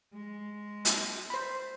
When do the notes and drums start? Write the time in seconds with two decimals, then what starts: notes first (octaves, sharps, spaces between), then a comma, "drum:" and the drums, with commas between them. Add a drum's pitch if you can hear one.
0.13 G#3
0.85 drum: hi-hat
1.30 C5 B5